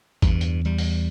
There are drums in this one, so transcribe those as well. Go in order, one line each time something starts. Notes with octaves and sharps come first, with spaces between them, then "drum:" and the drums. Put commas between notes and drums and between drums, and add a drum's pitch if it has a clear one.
E2 G2, drum: kick G#1, hi-hat
drum: hi-hat
E2 G3
drum: open hi-hat